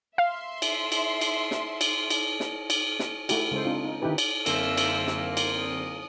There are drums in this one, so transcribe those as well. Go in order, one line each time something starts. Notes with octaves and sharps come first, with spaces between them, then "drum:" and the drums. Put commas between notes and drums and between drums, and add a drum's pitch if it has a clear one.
E5 F5 C6
drum: cymbal
drum: cymbal
drum: cymbal
drum: snare
drum: cymbal
drum: cymbal
drum: snare
drum: cymbal
drum: snare
A3 E4 F#4 G4, drum: cymbal
C#3 G#3 A4 C5
C4 D4 D#4 F4
D#4
D3 D#3 D#4 E4 G4 B4
drum: cymbal
F#2 D3 A#3 C4 E5 E6, drum: cymbal
drum: cymbal
drum: snare
drum: cymbal
D#6